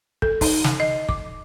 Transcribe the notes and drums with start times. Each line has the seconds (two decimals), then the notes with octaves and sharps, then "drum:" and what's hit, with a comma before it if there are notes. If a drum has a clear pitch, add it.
0.22 A4, drum: kick
0.41 D#4, drum: kick, open hi-hat
0.64 drum: snare
0.80 D#5
1.09 D6, drum: kick